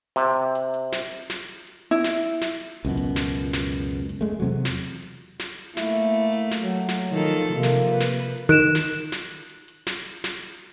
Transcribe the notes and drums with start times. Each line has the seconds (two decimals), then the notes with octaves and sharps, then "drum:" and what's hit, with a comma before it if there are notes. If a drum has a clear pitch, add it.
0.16 C3
0.55 drum: hi-hat
0.74 drum: hi-hat
0.92 drum: snare
1.11 drum: hi-hat
1.30 drum: snare
1.48 drum: hi-hat
1.67 drum: hi-hat
1.91 E4
2.04 drum: snare
2.23 drum: hi-hat
2.41 drum: snare
2.60 drum: hi-hat
2.85 C#2 F#2 B2
2.97 drum: hi-hat
3.16 drum: snare
3.35 drum: hi-hat
3.53 drum: snare
3.72 drum: hi-hat
3.90 drum: hi-hat
4.09 drum: hi-hat
4.21 G#3 A3
4.40 E2 C3 F#3
4.65 drum: snare
4.84 drum: hi-hat
5.02 drum: hi-hat
5.39 drum: snare
5.58 drum: hi-hat
5.77 A3 A#3 E4, drum: snare
5.95 drum: hi-hat
6.14 drum: hi-hat
6.33 drum: hi-hat
6.51 drum: snare
6.62 F#3
6.89 drum: snare
7.11 D#3 F3 A4
7.26 drum: hi-hat
7.53 C3 F3 A#3
7.63 drum: snare
7.88 B4
8.00 drum: snare
8.19 drum: hi-hat
8.38 drum: hi-hat
8.49 D#3 F#6 D7 E7
8.75 drum: snare
8.93 drum: hi-hat
9.12 drum: snare
9.31 drum: hi-hat
9.49 drum: hi-hat
9.68 drum: hi-hat
9.87 drum: snare
10.05 drum: hi-hat
10.24 drum: snare
10.42 drum: hi-hat